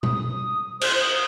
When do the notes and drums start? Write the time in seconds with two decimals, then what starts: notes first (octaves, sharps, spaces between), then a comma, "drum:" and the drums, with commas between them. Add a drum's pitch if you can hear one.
0.03 D#6, drum: tom B2
0.81 C5, drum: cymbal
1.01 D#6